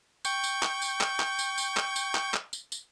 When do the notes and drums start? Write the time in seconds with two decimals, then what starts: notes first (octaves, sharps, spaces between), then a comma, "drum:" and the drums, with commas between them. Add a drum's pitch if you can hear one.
0.25 G5 C#6 G6, drum: tambourine
0.44 drum: tambourine
0.63 drum: clap
0.82 drum: tambourine
1.01 drum: clap
1.20 drum: clap
1.39 drum: tambourine
1.58 drum: tambourine
1.77 drum: clap
1.96 drum: tambourine
2.15 drum: clap
2.34 drum: clap
2.53 drum: tambourine
2.72 drum: tambourine